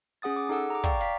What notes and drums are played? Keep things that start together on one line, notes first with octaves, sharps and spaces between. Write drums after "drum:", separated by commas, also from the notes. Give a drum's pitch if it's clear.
C#4 G#4 F#5 D#6 A6
D6
D#4 G#4 A4 F#5 E6
A#5 D6
D5 F5 G5 A#5 C#6 D6, drum: kick, hi-hat
F5 B6, drum: hi-hat